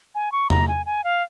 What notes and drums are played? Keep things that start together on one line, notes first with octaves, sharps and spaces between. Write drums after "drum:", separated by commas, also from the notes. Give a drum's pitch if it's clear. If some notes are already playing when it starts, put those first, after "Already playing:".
G#5
C#6
A#5, drum: tom E2
G#5
G#5
F5